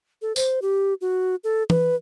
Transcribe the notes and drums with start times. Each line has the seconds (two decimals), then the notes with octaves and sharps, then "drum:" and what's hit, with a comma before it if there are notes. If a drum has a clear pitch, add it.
0.22 A4
0.36 C5, drum: tambourine
0.62 G4
1.01 F#4
1.44 A4
1.70 B4, drum: tom E3